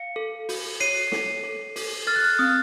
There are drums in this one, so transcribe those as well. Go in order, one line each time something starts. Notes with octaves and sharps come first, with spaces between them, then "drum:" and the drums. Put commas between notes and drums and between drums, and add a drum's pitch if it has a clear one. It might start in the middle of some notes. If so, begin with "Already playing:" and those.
Already playing: F5 C#7
A4
F#4, drum: open hi-hat
C#5 C7 D#7, drum: hi-hat
A4, drum: snare
A4
A4, drum: open hi-hat
A4 F6 A6
F#6
F6
C4 D#6